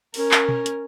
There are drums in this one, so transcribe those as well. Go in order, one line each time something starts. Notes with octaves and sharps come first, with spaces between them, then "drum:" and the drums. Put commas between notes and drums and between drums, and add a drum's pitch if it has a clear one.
C#4 A#4, drum: open hi-hat
drum: clap
drum: tom B2
drum: hi-hat